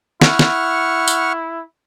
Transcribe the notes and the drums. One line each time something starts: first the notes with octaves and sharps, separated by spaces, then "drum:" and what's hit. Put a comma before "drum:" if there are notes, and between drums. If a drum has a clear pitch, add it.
E4 F#5 C#6 F6, drum: snare
drum: snare
drum: tambourine